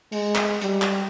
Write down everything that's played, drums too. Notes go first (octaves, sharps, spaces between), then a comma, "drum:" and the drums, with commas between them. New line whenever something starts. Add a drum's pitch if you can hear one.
G#3, drum: open hi-hat
drum: clap
G3, drum: hi-hat
drum: clap